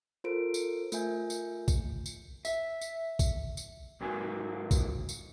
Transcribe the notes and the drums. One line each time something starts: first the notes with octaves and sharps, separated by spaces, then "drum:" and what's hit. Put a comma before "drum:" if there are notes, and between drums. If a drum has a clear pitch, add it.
F4 A4 A#4 C5 D7
drum: tambourine
A3 F4 A#4 E5 G#5 G6, drum: tambourine
drum: tambourine
drum: kick A#1, tambourine
drum: tambourine
E5, drum: tambourine
drum: tambourine
drum: kick A#1, tambourine
drum: tambourine
G#2 F#3 A#3 G#5
drum: kick A#1, tambourine
drum: tambourine